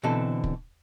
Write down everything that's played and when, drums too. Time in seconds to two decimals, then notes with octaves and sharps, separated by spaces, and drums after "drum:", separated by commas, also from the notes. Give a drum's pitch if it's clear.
0.03 B2 D3 E3 C4 A4
0.44 drum: kick